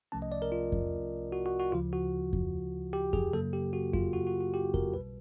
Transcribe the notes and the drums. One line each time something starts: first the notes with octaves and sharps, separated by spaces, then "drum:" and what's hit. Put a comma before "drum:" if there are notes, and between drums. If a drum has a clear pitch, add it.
C2 C3 F3 A3 C#4 A5
D#5
D5
A#4
F4
drum: kick F2
F#4
F#4
F#4
D2 C#3 F3 F4
F#4
drum: kick F2
G4
G#4, drum: kick F2
F#2 C#3 F#3 A#3 A4
G4
F#4
F4, drum: kick F2
F#4
F#4
F#4
G4
A#4, drum: kick F2
B1 B2 G3 B4